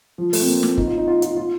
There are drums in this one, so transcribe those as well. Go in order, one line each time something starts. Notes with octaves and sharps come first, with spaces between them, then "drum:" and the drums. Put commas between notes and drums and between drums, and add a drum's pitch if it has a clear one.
F3
A3, drum: open hi-hat
C4
A#3
drum: snare
D#4, drum: kick
F4
D#4
F4
F4, drum: hi-hat
F4